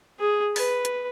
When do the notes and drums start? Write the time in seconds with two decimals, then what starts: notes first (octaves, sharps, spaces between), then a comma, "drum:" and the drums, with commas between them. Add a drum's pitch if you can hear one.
0.19 G#4
0.56 B4, drum: open hi-hat
0.85 drum: hi-hat